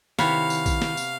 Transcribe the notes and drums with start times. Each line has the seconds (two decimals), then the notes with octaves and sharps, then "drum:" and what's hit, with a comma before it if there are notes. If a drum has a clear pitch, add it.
0.19 C3 D#3 B3 E4 C#5 F5 B5, drum: snare
0.50 drum: tambourine
0.66 drum: kick, tambourine
0.82 drum: snare
0.97 drum: tambourine